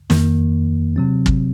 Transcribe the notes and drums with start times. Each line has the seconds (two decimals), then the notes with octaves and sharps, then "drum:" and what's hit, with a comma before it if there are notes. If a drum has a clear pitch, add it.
0.10 F2 D#3 A#3, drum: snare
0.96 C3 F#3 C4
1.26 drum: kick